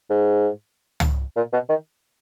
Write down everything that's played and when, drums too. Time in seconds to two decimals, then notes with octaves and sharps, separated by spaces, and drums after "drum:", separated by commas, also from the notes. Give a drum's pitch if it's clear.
0.10 G#2
1.00 drum: tom
1.36 A#2
1.53 B2
1.69 D#3